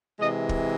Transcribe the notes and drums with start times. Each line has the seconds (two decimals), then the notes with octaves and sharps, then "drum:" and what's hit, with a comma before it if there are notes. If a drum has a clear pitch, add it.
0.20 C3 E3 G#3 D#5
0.49 drum: kick